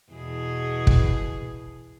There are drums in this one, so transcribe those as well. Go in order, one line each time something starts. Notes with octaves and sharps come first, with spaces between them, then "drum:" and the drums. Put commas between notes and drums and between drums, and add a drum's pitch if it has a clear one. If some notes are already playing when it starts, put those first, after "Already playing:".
E2 B2 G#4
drum: kick